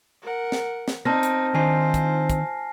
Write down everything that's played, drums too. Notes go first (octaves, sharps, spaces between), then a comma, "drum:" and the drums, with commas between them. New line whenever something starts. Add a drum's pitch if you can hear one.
A#4 F#5
drum: snare
drum: snare
C4 D#4 A5 F6 A#6
drum: hi-hat
D#3 D4 D#4 F4 C5 G#5 C7
drum: kick, hi-hat
drum: kick, hi-hat